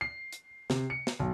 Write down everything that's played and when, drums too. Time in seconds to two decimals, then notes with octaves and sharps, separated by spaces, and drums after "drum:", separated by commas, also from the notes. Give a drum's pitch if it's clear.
0.01 C7
0.33 drum: hi-hat
0.70 C3, drum: snare
0.90 C#7
1.07 drum: snare
1.20 B1